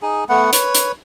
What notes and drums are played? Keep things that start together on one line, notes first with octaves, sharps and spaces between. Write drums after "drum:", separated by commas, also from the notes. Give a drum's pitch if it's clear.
D#4 G#4
A3 B3 F#5
B4 C#5, drum: hi-hat
drum: hi-hat